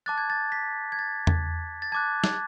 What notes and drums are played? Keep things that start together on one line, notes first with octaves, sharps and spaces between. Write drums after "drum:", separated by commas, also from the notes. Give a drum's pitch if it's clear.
A5 D6 F#6 A6
G#6
A6
B6
G#6
A6
drum: tom E2
A6
A5 D6 F#6 G#6
drum: snare